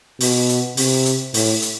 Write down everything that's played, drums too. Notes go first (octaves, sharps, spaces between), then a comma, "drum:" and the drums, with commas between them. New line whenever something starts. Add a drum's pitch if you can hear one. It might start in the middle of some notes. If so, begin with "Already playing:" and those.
B2, drum: open hi-hat
drum: hi-hat
C3, drum: open hi-hat
drum: hi-hat
A2, drum: open hi-hat
drum: hi-hat